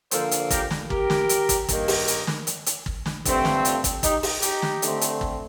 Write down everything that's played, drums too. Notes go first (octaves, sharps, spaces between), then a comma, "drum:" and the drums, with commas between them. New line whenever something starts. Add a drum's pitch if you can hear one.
D3 F3 A#3 A4 C5, drum: hi-hat
drum: hi-hat
G4 A#4, drum: kick, hi-hat
drum: snare
G4 A#4, drum: kick
drum: snare
drum: hi-hat
drum: kick, hi-hat
G2 D#3 A#3, drum: kick, hi-hat
drum: open hi-hat
drum: hi-hat
drum: snare
drum: hi-hat
drum: hi-hat
drum: kick
drum: snare
G2 D3 A3 C4, drum: kick, hi-hat
drum: snare
F4 A4, drum: hi-hat
drum: kick, hi-hat
D#4 G4, drum: kick, hi-hat
drum: open hi-hat
D#4 G4, drum: hi-hat
drum: snare
D3 A3 C4, drum: hi-hat
drum: hi-hat
drum: kick